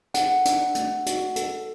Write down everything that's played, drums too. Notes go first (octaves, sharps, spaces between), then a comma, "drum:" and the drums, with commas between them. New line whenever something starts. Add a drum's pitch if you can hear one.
A4 F#5, drum: hi-hat
D4, drum: hi-hat
A3, drum: hi-hat
F#4, drum: hi-hat
A4, drum: hi-hat